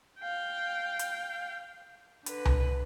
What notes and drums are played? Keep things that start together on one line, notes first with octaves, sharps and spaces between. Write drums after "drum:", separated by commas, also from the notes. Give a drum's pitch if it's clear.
F5 G5
drum: hi-hat
D3 B4, drum: hi-hat
drum: tom C2